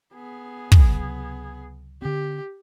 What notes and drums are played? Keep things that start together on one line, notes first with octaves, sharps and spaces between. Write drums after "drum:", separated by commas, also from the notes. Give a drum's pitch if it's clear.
B3 G#4
C#2 C3 F#3, drum: kick
D3 C4 G4